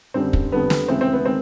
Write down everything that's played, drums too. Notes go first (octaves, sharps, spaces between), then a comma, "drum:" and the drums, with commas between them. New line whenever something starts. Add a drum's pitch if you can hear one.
F#2 D3 G3 C4
drum: kick
F2 D3 G3 B3
drum: snare
D2 C#3 E3 G#3 C4
C4
B3
D#3 G#3 C4